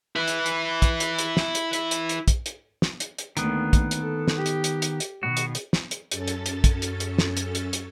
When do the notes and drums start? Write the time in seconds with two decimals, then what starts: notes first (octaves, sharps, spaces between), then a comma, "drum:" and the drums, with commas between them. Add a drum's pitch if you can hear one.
0.16 E4 B4
0.28 drum: hi-hat
0.46 drum: hi-hat
0.82 drum: kick, hi-hat
1.00 drum: hi-hat
1.18 drum: hi-hat
1.37 drum: snare
1.55 drum: hi-hat
1.73 drum: hi-hat
1.91 drum: hi-hat
2.09 drum: hi-hat
2.28 drum: kick, hi-hat
2.46 drum: hi-hat
2.82 drum: snare
3.00 drum: hi-hat
3.18 drum: hi-hat
3.37 D2 D#3 A#3 B3, drum: hi-hat
3.73 drum: kick, hi-hat
3.91 drum: hi-hat
4.01 A4
4.28 drum: snare
4.37 G4
4.46 drum: hi-hat
4.64 drum: hi-hat
4.82 drum: hi-hat
5.00 drum: hi-hat
5.23 B2 D#3 F#4
5.37 drum: hi-hat
5.55 drum: hi-hat
5.73 drum: snare
5.91 drum: hi-hat
6.11 F#2 C#4 A4 A6, drum: hi-hat
6.28 drum: hi-hat
6.46 drum: hi-hat
6.64 drum: kick, hi-hat
6.82 drum: hi-hat
7.00 drum: hi-hat
7.18 drum: snare
7.37 drum: hi-hat
7.55 drum: hi-hat
7.73 drum: hi-hat